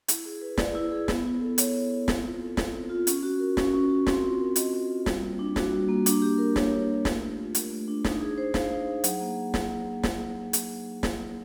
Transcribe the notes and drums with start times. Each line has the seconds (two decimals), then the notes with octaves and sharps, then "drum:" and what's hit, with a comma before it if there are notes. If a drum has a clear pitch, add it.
0.08 E4, drum: hi-hat
0.26 G#4
0.42 B4
0.58 D5, drum: snare
0.75 E4
0.92 G#4
1.08 B3, drum: snare
1.25 E4
1.41 A4
1.58 C#5, drum: hi-hat
1.74 B3
1.91 E4
2.08 C4, drum: snare
2.24 F4
2.41 A4
2.57 C4, drum: snare
2.74 C4
2.90 F4
3.07 C#4, drum: hi-hat
3.23 F#4
3.40 A#4
3.57 C#4, drum: snare
3.74 C#4
3.89 F#4
4.07 C4, drum: snare
4.22 F4
4.40 A#4
4.56 D#5, drum: hi-hat
4.73 C4
4.90 F4
5.06 G3, drum: snare
5.22 A#3
5.39 D4
5.56 F#4, drum: snare
5.72 G3
5.89 A#3
6.06 D4, drum: hi-hat
6.22 G4
6.38 A#4
6.56 C#5, drum: snare
6.72 D4
6.89 G4
7.05 A3, drum: snare
7.21 D4
7.38 F4
7.55 A#4, drum: hi-hat
7.71 A3
7.88 D4
8.04 D#4, drum: snare
8.21 G#4
8.38 C5
8.54 F5, drum: snare
8.71 D#4
8.88 G#4
9.04 F#3, drum: hi-hat
9.21 A#3
9.54 drum: snare
10.03 drum: snare
10.53 drum: hi-hat
11.03 drum: snare